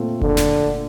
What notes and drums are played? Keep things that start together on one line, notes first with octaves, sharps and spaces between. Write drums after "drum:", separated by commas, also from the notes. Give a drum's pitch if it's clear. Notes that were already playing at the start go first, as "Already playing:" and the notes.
Already playing: A#2 A3 C4 F4
D3, drum: kick F1
drum: snare